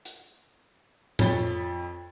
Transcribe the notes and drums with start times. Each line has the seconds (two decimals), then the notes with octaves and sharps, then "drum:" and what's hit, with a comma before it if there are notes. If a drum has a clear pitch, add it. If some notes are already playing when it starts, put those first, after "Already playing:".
0.05 drum: hi-hat
1.19 F2 F3 C#5 B5 A6 G7, drum: tom A2